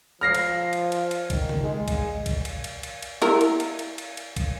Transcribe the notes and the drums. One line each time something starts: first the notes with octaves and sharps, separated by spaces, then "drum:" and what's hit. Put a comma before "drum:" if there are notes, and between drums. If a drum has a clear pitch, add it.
F3 F6 A#6 C7
drum: cymbal
drum: cymbal
drum: cymbal
drum: cymbal
D#3, drum: kick A#1, cymbal
drum: tom C#3
G#3
drum: kick A#1, cymbal
drum: kick A#1, cymbal
drum: cymbal
drum: cymbal
drum: cymbal
drum: cymbal
E4 A#4, drum: cymbal
drum: cymbal
drum: cymbal
drum: cymbal
drum: cymbal
drum: cymbal
drum: kick A#1, cymbal